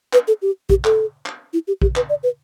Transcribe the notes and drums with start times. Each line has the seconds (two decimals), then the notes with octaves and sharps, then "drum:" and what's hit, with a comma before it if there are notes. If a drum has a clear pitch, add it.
0.13 B4, drum: clap
0.28 A4
0.42 G4
0.70 G4, drum: kick
0.84 A4, drum: clap
1.26 drum: clap
1.53 E4
1.68 G4
1.82 G4, drum: kick
1.96 B4, drum: clap
2.09 D5
2.23 B4